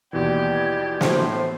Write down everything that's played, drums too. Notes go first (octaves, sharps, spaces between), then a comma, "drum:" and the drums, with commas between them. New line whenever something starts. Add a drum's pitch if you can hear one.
D#2 B2 E3 E4 G4 D5 G#6
A2 C5, drum: snare